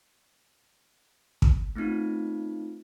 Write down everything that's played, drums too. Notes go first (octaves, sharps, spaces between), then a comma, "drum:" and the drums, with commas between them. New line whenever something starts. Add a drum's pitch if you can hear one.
drum: kick
A3 B3 C4 D#4 F4